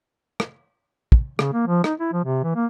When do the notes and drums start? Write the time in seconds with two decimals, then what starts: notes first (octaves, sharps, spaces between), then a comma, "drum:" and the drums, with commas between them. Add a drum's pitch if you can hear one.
0.40 drum: rim click
1.12 drum: kick
1.39 C#3, drum: rim click
1.53 A#3
1.67 F3
1.84 D#4, drum: rim click
2.00 E4
2.13 F3
2.24 C3
2.43 E3
2.55 A#3